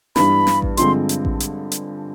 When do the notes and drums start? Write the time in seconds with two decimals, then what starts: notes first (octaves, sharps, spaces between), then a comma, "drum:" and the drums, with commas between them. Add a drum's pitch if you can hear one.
0.16 G2 E3 G3 B3 D4 B5, drum: snare
0.47 drum: snare
0.62 drum: kick A1
0.77 G2 D3 F3 G#3 C4 C6, drum: hi-hat
1.09 drum: hi-hat
1.25 drum: kick A1
1.40 drum: hi-hat
1.72 drum: hi-hat